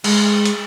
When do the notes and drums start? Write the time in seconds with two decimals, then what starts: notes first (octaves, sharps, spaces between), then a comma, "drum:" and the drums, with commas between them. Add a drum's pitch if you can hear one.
0.04 G#3, drum: cymbal
0.45 drum: hi-hat